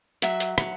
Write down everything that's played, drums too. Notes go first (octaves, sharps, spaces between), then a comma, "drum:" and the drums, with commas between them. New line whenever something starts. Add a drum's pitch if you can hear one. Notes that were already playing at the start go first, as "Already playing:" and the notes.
F#3 E5, drum: hi-hat
drum: hi-hat
F#3, drum: rim click